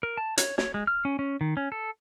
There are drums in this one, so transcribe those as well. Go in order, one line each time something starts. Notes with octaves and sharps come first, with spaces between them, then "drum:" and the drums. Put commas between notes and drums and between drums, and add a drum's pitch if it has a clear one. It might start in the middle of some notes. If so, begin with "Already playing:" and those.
A#4
A5
C#5, drum: hi-hat
C#5, drum: snare
G#3
F6
C#4
C#4
D#3
C#4
A4